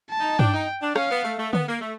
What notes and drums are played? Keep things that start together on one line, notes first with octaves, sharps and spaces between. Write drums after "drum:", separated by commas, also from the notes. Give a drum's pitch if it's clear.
A5
D#4
D4 G5, drum: tom G2
D#4
D4
C#4 F5, drum: rim click
B3
A3
A3
B3, drum: tom D3
A#3
A3